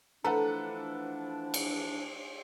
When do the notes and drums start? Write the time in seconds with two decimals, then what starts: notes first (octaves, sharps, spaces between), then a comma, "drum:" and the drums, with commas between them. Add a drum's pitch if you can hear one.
0.24 E3 F3 A3 D4 A4 B4 F#5 A#5
1.54 drum: cymbal